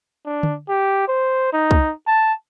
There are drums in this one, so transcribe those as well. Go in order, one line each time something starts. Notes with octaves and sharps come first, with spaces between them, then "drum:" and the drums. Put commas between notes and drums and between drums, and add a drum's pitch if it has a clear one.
D4
drum: tom D3
G4
C5
D#4
drum: kick
A5